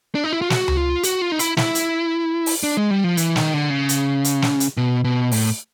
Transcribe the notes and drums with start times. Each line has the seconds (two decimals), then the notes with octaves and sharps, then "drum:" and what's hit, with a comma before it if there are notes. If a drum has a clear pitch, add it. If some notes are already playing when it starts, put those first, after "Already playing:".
0.15 D4
0.24 D#4
0.33 E4
0.41 F4
0.50 F#4, drum: snare
0.68 drum: tom C#2
0.77 F4
1.03 F#4, drum: hi-hat
1.22 F4
1.32 D#4
1.39 E4, drum: hi-hat
1.57 E4, drum: snare
1.75 drum: hi-hat
2.46 drum: open hi-hat
2.63 D4
2.77 G#3
2.91 G3
3.04 F3
3.17 E3, drum: hi-hat
3.36 D#3, drum: snare
3.54 D3
3.70 C#3
3.89 drum: hi-hat
4.24 drum: hi-hat
4.42 drum: snare
4.60 drum: hi-hat
4.77 B2
5.04 B2
5.32 A2, drum: open hi-hat